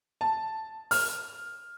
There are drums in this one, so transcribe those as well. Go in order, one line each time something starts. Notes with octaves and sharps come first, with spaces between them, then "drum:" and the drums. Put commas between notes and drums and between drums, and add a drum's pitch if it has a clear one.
A5
F6, drum: open hi-hat